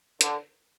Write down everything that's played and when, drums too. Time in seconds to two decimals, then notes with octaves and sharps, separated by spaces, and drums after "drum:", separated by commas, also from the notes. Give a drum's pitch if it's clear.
0.21 D3, drum: hi-hat